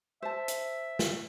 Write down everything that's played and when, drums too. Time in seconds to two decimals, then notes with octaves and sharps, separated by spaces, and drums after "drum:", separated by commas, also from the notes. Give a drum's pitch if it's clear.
0.22 C5 E5 A5
0.48 drum: hi-hat
0.99 drum: snare